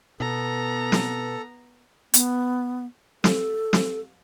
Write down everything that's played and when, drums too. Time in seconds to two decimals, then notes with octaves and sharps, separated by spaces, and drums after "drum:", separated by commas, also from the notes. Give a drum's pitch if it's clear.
0.20 B2 B3 A4 A#5
0.92 drum: snare
2.14 B3, drum: hi-hat
3.24 A4, drum: snare
3.73 drum: snare